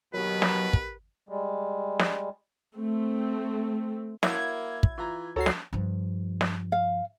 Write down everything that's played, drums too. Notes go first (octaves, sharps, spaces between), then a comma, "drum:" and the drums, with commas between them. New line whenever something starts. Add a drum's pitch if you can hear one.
D#2 B2 D#3 F#3 G4 A#4 B4
drum: snare
drum: kick
G3 G#3
drum: snare
A3 C4
F#3 A#3 E4 G#6, drum: snare
drum: kick
E3 F4 A#5
D2 F#4 A4 C#5 A#5 C7
drum: snare
G2 F3
drum: snare
F5